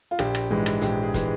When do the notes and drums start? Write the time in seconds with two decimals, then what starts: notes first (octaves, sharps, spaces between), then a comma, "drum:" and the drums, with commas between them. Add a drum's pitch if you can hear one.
0.11 F4
0.19 A#1 G4, drum: rim click
0.35 drum: rim click
0.51 G#2 E3 G#3
0.66 drum: rim click
0.81 A#1 G4, drum: hi-hat
1.03 G#4
1.14 E3 G#3, drum: kick, hi-hat